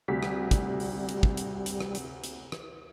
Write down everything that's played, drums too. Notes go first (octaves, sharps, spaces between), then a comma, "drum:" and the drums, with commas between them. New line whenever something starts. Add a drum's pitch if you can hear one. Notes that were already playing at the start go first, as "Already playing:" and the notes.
D2 C3 G3 B6
drum: rim click
drum: kick, hi-hat
drum: open hi-hat
drum: hi-hat
drum: kick
drum: hi-hat
drum: hi-hat
drum: rim click
drum: hi-hat
drum: hi-hat
drum: rim click